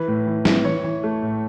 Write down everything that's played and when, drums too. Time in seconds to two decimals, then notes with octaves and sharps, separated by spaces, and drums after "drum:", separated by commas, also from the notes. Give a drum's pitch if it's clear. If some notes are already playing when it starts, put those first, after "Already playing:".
Already playing: E3 B4
0.08 A2
0.27 E3
0.45 E3, drum: snare C4
0.64 E3 C#5
0.84 E3
1.04 A3
1.22 A2